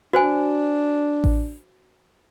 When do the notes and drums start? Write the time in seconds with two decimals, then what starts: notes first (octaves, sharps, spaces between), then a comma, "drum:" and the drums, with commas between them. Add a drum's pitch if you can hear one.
0.13 D4 F#4 C5 G#5
1.24 drum: kick A1